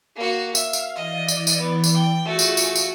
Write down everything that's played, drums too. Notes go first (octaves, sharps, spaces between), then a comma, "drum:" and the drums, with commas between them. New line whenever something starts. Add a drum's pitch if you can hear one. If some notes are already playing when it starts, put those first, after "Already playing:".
A#3 F#4
E5 F5, drum: tambourine
drum: tambourine
E3 D5 D#5
drum: tambourine
drum: tambourine
B3
drum: tambourine
G5
A3 F4 F#4 G#4
drum: tambourine
drum: tambourine
drum: tambourine